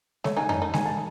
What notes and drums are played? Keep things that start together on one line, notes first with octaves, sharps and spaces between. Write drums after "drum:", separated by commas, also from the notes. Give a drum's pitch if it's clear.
A3 C#5, drum: snare G#3
D#4 G#5
D#4 A5, drum: tom F2
D#4
D#4 G#5, drum: snare G#3
A5